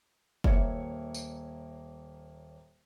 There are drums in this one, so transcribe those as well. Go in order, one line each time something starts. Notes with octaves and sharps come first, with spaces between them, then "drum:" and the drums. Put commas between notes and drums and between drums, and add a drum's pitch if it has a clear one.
D#1 A#3 C#5 E5 G#6 C#7, drum: kick
drum: tambourine